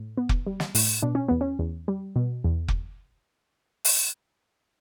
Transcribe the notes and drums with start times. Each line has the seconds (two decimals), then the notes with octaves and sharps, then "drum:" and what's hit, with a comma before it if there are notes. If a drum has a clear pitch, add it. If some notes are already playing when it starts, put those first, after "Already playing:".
Already playing: A2
0.17 B3
0.29 drum: kick F1
0.47 G3
0.60 drum: snare
0.75 A2, drum: open hi-hat
1.02 B2 D4
1.15 C#4
1.28 E2 B3
1.41 C#4
1.59 E2
1.88 G3
2.16 B2
2.44 E2
2.68 drum: kick F1
3.85 drum: open hi-hat